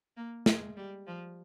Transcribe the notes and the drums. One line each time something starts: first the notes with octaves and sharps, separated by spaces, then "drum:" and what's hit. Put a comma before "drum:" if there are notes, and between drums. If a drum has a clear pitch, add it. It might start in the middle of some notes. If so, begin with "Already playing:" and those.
A#3
G#3, drum: snare
G3
F3